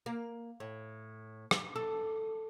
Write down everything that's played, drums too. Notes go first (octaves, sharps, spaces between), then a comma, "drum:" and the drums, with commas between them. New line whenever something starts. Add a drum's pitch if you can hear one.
A#3
A2
drum: rim click
A4